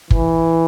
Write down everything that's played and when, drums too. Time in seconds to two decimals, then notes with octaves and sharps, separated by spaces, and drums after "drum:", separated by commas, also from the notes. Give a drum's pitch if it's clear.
0.10 E3, drum: kick